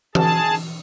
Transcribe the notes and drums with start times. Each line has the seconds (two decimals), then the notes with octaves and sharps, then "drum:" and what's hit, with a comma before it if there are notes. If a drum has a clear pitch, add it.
0.15 G#4 A5, drum: tom E3
0.55 drum: open hi-hat